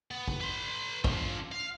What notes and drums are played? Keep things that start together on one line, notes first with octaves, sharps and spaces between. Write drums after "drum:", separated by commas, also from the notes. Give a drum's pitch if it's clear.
B3
drum: kick
B4 C6
D4 F4, drum: kick
F5